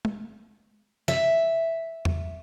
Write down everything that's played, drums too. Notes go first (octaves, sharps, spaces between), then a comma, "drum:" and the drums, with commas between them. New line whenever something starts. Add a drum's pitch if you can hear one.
drum: tom
E5, drum: snare
drum: tom E2